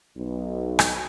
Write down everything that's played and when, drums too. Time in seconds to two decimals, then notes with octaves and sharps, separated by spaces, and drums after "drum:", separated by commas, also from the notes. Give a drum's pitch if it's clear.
0.16 B1
0.79 drum: rim click